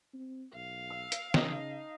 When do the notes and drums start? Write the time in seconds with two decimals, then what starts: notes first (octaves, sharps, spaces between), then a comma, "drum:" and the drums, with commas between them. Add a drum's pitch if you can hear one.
0.14 C4
0.54 B1 F5
0.90 E6
1.12 drum: hi-hat
1.34 C#3 D#4 D#5, drum: snare